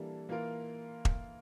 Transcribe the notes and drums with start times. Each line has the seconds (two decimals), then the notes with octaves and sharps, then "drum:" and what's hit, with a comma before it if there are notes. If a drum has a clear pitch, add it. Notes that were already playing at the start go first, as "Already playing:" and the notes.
Already playing: E3 G3 A#3 D4 A4
0.29 E3 A#3 F4 A#4
1.05 drum: kick E1